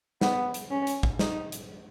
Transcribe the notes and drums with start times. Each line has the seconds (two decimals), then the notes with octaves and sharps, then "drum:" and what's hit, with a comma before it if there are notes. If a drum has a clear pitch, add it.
0.21 B3, drum: snare
0.54 drum: hi-hat
0.70 C#4
0.87 drum: hi-hat
1.03 drum: kick
1.19 D#4, drum: snare
1.52 drum: hi-hat